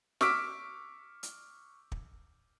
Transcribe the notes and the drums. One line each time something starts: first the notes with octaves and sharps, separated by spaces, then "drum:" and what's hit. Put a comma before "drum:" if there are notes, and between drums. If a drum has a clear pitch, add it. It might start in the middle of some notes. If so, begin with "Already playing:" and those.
C#6 D6 E6 F6 B6 D7, drum: snare
drum: hi-hat
drum: kick